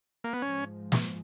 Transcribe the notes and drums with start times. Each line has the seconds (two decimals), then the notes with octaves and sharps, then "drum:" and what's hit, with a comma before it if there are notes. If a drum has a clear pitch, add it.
0.24 A#3
0.33 B3
0.42 G#2 F3 G#3 C#4
0.92 drum: snare